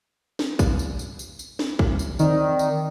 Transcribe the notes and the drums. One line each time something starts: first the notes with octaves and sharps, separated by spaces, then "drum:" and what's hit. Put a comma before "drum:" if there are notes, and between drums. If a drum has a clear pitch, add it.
drum: snare
drum: kick, tambourine
drum: tambourine
drum: tambourine
drum: tambourine
drum: tambourine
drum: snare
drum: kick
drum: tambourine
D#3 C4 D5, drum: tambourine
drum: tambourine